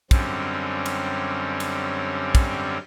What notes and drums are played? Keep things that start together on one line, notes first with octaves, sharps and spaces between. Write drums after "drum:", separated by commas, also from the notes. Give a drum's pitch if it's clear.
F#2 D3 G3 C4 C#4, drum: kick, cymbal
drum: cymbal
drum: cymbal
drum: kick, cymbal